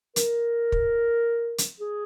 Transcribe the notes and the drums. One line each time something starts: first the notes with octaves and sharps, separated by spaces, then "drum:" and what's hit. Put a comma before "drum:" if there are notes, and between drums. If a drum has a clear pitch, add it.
A#4, drum: hi-hat
drum: kick
drum: hi-hat
G#4